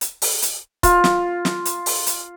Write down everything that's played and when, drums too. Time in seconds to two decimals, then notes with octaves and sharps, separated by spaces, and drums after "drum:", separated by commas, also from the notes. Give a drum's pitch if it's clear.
0.01 drum: hi-hat
0.22 drum: open hi-hat
0.42 drum: hi-hat
0.83 F4, drum: kick, hi-hat
1.04 drum: snare
1.45 drum: snare
1.65 drum: hi-hat
1.86 drum: open hi-hat
2.07 drum: hi-hat